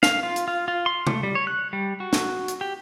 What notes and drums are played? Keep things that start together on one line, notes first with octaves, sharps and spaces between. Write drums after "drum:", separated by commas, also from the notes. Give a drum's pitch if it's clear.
F5, drum: snare
F4
drum: hi-hat
F4
F4
C6
A3, drum: tom
G3
C#5
F#6
G3
F#4
drum: snare
drum: hi-hat
G4